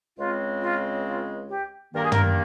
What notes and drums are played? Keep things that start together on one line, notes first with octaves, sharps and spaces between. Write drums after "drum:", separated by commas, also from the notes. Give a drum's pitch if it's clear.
C#2 C#3 G#3 C4 F4
F4
F4
G4
G2 D#3 A#3 A#4
G#4
A#4, drum: tom